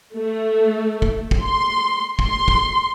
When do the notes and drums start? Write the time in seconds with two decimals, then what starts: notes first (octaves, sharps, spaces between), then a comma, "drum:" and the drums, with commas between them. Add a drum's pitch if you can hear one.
0.15 A3
1.02 drum: kick
1.31 drum: kick
1.43 C6
2.19 C6, drum: kick
2.48 drum: kick